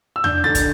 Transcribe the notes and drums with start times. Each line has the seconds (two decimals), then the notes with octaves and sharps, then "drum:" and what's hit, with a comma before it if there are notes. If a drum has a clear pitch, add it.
0.16 E6
0.24 D4 G6, drum: tom E2
0.44 D3 A6
0.55 drum: kick, hi-hat